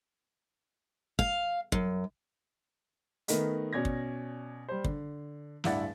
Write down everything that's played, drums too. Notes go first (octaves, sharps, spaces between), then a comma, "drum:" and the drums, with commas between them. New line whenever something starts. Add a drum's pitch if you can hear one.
F5, drum: kick
F#2, drum: kick
D#3 A3 B3 A#4 D#5, drum: hi-hat
B2 C#4 D5 G#6 A#6
drum: kick
G3 C5
D3, drum: kick
D1 G2 E4 D5 F#5 A6, drum: snare